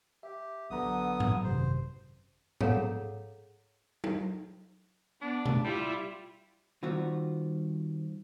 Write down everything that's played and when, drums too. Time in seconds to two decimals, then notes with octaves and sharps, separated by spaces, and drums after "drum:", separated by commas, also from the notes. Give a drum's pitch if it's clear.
0.23 G4 E5
0.70 A1 D3 F#3 B3 A#5 D#6
1.20 drum: tom G#2
1.44 G#1 F#2 C3 C5
2.61 G#4 A4 C#5 F5 F#5 A#5, drum: tom G#2
4.04 drum: tom
5.21 B3 D4
5.45 drum: tom B2
5.64 G3 E4 F4
6.83 D#3 G3 C4 F4 F#4